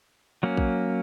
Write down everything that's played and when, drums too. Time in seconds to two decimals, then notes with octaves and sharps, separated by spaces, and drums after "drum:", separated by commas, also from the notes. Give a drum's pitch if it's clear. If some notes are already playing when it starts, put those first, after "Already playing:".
0.43 F#3 A#3 C#4
0.57 drum: kick